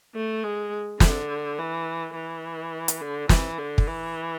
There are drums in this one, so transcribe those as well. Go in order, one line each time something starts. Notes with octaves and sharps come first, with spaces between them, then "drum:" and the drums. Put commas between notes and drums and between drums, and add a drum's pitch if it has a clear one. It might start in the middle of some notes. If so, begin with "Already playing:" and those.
A3
G#3
D3, drum: snare
E3
E3
drum: hi-hat
D3
E3, drum: snare
D3
drum: kick
E3